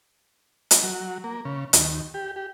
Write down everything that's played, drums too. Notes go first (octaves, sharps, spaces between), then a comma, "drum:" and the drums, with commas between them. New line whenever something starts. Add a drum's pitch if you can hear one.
drum: hi-hat
F#3
A#3
C#3
D#2, drum: hi-hat
G4
G4